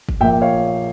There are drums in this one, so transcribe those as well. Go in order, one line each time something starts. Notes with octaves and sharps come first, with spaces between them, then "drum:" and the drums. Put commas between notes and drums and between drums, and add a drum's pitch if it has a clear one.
drum: kick
A#1 A#2 F3 A#3 E5 G5
C#5 F5